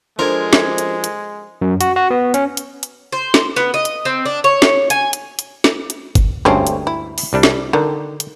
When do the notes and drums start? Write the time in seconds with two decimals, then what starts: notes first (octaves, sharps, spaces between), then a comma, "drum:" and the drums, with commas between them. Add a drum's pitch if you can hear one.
0.19 F3 G#3 D4 A4 A#4 C5 G#6
0.53 drum: snare
0.78 drum: hi-hat
1.04 drum: hi-hat
1.62 F#2
1.81 F#4, drum: hi-hat
1.96 F#4
2.10 B3
2.34 C#4, drum: hi-hat
2.57 drum: hi-hat
2.83 drum: hi-hat
3.12 C5
3.34 drum: snare
3.56 B3
3.74 D#5
3.85 drum: hi-hat
4.05 C4
4.25 D4
4.44 C#5
4.62 drum: snare
4.90 G#5, drum: hi-hat
5.13 drum: hi-hat
5.39 drum: hi-hat
5.64 drum: snare
5.90 drum: hi-hat
6.15 drum: kick G1, hi-hat
6.45 D2 G2 G#3 A3 C4 C#4
6.67 drum: hi-hat
6.87 E4
7.18 drum: open hi-hat
7.33 C2 G3 D4
7.43 drum: snare
7.73 D3 D#3
8.20 drum: hi-hat